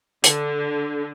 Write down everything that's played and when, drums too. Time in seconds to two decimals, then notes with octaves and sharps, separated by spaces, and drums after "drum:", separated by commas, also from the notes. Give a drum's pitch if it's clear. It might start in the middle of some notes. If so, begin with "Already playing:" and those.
0.24 D3, drum: hi-hat